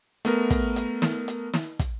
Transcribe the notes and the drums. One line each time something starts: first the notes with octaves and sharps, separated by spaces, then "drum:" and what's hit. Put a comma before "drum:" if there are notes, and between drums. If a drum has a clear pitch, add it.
A3 B3 A#4, drum: hi-hat
drum: kick, hi-hat
drum: hi-hat
drum: snare
drum: hi-hat
drum: snare
drum: kick, hi-hat